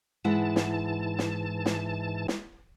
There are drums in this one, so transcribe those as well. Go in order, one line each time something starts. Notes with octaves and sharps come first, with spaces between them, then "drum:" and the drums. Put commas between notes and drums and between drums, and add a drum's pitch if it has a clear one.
G#2 E3 G#3 E4 F#5 A5
drum: snare
drum: snare
drum: snare
drum: snare